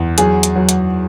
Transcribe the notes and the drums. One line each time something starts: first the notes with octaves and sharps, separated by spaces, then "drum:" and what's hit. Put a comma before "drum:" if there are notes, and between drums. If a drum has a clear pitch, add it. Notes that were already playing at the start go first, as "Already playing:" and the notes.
Already playing: E2
F#3 G#4, drum: hi-hat
drum: hi-hat
F#3
drum: hi-hat